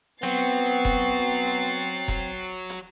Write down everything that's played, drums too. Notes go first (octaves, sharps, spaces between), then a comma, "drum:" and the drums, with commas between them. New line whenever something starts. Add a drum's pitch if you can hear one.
F#3 B3 C4 A6 C7, drum: hi-hat
drum: kick F1, hi-hat
drum: hi-hat
drum: kick F1, hi-hat
drum: hi-hat